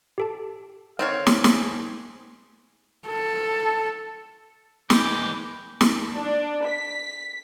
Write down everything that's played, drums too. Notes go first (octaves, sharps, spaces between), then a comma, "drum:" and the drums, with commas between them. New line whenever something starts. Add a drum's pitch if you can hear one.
G4 A4 A5
D3 D#3 C4 C#5 F5
drum: snare
G#4, drum: snare
A4
E3 G#3 G5 D6, drum: snare
drum: snare
D4
B6